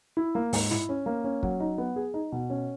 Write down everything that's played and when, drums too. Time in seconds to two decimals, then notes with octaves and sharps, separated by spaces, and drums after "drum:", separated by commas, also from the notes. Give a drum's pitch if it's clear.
0.17 E4
0.35 A#3
0.53 G#2, drum: open hi-hat
0.71 E4, drum: snare
0.89 C#4
1.06 A#3
1.24 C#4
1.43 F#3, drum: kick
1.60 D#4
1.78 B3
1.96 G#4
2.14 D#4
2.32 B2
2.50 C#4